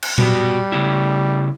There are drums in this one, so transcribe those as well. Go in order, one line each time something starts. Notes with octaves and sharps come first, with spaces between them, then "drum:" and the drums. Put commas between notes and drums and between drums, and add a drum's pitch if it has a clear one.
drum: cymbal
B2 G3 B3 F#4, drum: tom A#2
C#3 B3 E4